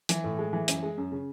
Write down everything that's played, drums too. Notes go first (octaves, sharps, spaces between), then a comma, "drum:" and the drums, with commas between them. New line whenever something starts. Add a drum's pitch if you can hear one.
E3, drum: hi-hat
A2
G#3
E3
F#2, drum: hi-hat
G#3
F#2
C#3